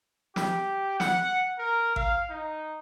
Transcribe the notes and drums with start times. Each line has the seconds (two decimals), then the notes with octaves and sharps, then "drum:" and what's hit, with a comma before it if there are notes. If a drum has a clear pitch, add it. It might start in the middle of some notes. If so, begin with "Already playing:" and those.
0.36 G4, drum: snare
1.00 F#5, drum: snare
1.59 A#4
1.96 F5, drum: kick G#1
2.30 D#4